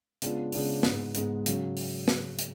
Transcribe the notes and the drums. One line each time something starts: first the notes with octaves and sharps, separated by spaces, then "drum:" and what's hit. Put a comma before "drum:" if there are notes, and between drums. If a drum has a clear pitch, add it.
C#3 G#3 B3 D4 F4, drum: hi-hat
C#3 G#3 B3 D4 F4, drum: open hi-hat
G#2 G#3 B3, drum: snare
G#2 G#3 B3, drum: hi-hat
C#3 F#3, drum: hi-hat
drum: open hi-hat
drum: snare
drum: hi-hat